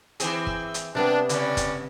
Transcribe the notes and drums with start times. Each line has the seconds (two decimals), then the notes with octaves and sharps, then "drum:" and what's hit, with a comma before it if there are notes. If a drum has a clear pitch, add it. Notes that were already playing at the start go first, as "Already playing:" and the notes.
0.20 E3 C4 G#4, drum: hi-hat
0.47 drum: kick
0.74 drum: hi-hat
0.95 C3 G3 B3 D4
1.29 C#3 C#4 B4 D5, drum: hi-hat
1.57 drum: kick, hi-hat